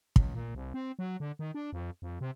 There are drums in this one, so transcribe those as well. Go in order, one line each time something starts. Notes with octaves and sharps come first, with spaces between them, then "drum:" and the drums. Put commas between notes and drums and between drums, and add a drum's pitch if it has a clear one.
C#2, drum: kick
A#2
C2
C4
F#3
D3
D#3
D4
F2
F2
C3